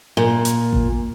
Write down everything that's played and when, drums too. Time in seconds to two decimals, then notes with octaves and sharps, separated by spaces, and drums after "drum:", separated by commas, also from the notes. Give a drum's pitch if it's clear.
0.17 A#2
0.45 drum: hi-hat
0.73 drum: kick A1